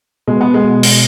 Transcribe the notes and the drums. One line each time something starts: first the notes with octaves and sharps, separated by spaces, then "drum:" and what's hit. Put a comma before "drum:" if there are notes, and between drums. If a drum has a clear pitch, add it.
B2 G#3
B3
G#3
B2
drum: cymbal